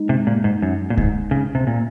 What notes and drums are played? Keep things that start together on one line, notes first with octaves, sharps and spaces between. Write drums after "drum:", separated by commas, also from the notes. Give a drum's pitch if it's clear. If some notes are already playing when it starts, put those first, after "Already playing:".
Already playing: G#3 D#4
C3
A#2
G#2
F#2
A#2
G#2, drum: kick C#2
C#3
C3
A#2